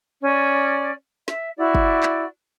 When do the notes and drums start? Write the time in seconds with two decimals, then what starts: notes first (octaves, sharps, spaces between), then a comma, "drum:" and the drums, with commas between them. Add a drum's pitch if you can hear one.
0.22 C#4 D5
1.28 E5, drum: snare
1.57 E4 F#4 D5
1.75 drum: kick
2.03 drum: clap